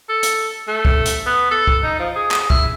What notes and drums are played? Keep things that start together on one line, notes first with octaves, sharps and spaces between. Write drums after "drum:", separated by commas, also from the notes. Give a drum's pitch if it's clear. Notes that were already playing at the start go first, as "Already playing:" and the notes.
A4
drum: hi-hat
A3
drum: kick
drum: hi-hat
B3
A4
drum: kick
D#4
F3
G#4
G#4, drum: clap
E4, drum: kick